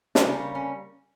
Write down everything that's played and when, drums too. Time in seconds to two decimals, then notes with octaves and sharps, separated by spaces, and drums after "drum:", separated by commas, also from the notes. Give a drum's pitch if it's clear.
0.15 D4, drum: snare
0.26 C#3 G3 A#3 C#4
0.55 C#4